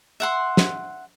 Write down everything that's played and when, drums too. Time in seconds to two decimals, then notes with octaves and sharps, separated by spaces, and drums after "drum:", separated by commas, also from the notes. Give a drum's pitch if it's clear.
0.20 E5 F#5 C6
0.57 drum: snare